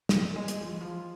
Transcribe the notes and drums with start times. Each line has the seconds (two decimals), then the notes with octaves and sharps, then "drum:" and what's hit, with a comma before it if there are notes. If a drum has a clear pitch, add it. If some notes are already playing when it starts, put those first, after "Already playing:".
0.09 F#3, drum: snare
0.36 G#3
0.48 drum: hi-hat
0.61 F3
0.71 E3
0.81 F3